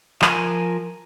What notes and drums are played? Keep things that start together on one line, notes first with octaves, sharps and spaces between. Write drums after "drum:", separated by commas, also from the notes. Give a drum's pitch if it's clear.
F3 A#4 G#5, drum: clap